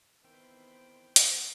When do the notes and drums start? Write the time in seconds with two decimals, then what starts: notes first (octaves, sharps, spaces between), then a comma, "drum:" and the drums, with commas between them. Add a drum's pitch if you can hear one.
0.24 D#3 E3 B3 C4 C5 E5 G5 B5
1.16 drum: hi-hat